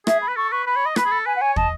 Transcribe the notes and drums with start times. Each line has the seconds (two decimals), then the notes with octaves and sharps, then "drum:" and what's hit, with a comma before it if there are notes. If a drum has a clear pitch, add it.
0.07 G#4 E5, drum: rim click
0.21 B5
0.28 B4
0.36 A4 C#6
0.51 B4 C#6
0.66 B4 B5
0.76 C#5
0.86 D#5
0.96 B4 B5, drum: rim click
1.05 G#4
1.11 A4
1.26 B4 G#5
1.36 F#5
1.41 C#5 G#5
1.56 D#5 A5, drum: kick